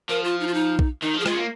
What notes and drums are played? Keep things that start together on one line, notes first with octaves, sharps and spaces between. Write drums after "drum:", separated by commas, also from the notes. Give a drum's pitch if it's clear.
F3 A#4
F4
D#4
F4
D#4
drum: kick
D#3 D#4
F3
G#4
G#3 F4, drum: rim click
C#4
A#3